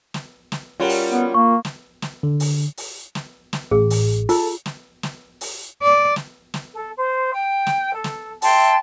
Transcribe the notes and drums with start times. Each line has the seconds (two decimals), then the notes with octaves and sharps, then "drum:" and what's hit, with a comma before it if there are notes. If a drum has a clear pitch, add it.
0.14 drum: snare
0.52 drum: snare
0.80 G3 C#4 F4 F#4 A#4
0.89 drum: open hi-hat
1.12 B3
1.34 A#3 C#6
1.65 drum: snare
2.02 drum: snare
2.23 D3
2.40 drum: open hi-hat
2.77 drum: open hi-hat
3.15 drum: snare
3.53 drum: snare
3.71 A1 G#4
3.90 drum: open hi-hat
4.29 F4 A4, drum: open hi-hat
4.66 drum: snare
5.03 drum: snare
5.41 drum: open hi-hat
5.82 D5
6.16 drum: snare
6.54 drum: snare
6.74 A4
6.95 C5
7.33 G5
7.67 drum: snare
7.92 A4
8.04 drum: snare
8.42 E5 G5 A5 C6, drum: open hi-hat